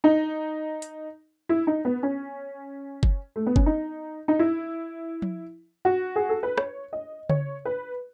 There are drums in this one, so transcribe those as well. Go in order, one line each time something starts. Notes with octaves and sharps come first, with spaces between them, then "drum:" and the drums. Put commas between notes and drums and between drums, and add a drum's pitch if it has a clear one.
D#4
drum: hi-hat
E4
D#4
B3
C#4
drum: kick F#1
A3
B3
C#4, drum: kick F#1
D#4
D#4
E4
drum: tom F3
F#4
G#4
A4
B4
C#5, drum: rim click
D#5
C#5, drum: tom C#3
B4